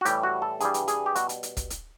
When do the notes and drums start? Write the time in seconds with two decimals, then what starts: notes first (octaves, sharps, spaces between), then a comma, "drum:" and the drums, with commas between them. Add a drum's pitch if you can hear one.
0.01 F#4
0.05 A2 E3 G3 G4, drum: hi-hat
0.23 F#4
0.42 A4
0.60 G2 E3 G3 G#4, drum: hi-hat
0.74 drum: hi-hat
0.88 G#4, drum: hi-hat
1.06 G4
1.15 B2 G3 F#4, drum: hi-hat
1.29 drum: hi-hat
1.43 drum: hi-hat
1.57 drum: kick, hi-hat
1.70 drum: hi-hat